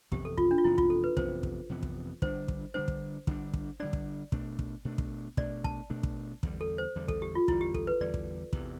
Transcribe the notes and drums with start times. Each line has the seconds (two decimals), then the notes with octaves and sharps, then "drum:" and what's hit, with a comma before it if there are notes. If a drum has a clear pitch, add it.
0.12 F2 C3 E3 B3 G4, drum: kick
0.25 A4
0.38 F4, drum: kick
0.51 D4
0.58 F4
0.64 F2 C3 E3 B3 E4
0.78 F4, drum: kick
0.90 A4
1.04 B4
1.17 F2 C3 E3 B3 C5, drum: kick
1.43 drum: kick
1.69 F2 C3 E3 B3
1.83 drum: kick
2.22 D3 G3 D4 C5, drum: kick
2.48 drum: kick
2.74 D3 G3 D4 C5
2.88 drum: kick
3.27 D3 G3 D4, drum: kick
3.54 drum: kick
3.80 D3 G3 D4 D5
3.93 drum: kick
4.32 B2 A3 D4, drum: kick
4.59 drum: kick
4.85 B2 A3 D4
4.98 drum: kick
5.37 B2 A3 D4 D5, drum: kick
5.64 A5, drum: kick
5.90 B2 A3 D4
6.03 drum: kick
6.43 E2 D3 G3, drum: kick
6.61 A4
6.78 C5
6.95 E2 D3 G3
7.08 A4, drum: kick
7.22 G4
7.35 F4
7.48 E2 D3 G3 E4, drum: kick
7.61 G4
7.74 A4, drum: kick
7.87 B4
8.00 E2 D3 G3 D5
8.14 drum: kick
8.53 E2 C3 E3, drum: kick